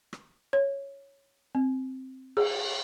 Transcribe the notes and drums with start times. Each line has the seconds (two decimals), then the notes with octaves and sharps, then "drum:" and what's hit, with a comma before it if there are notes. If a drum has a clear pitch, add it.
0.13 drum: rim click
0.53 C#5
1.55 C4
2.37 G#4, drum: cymbal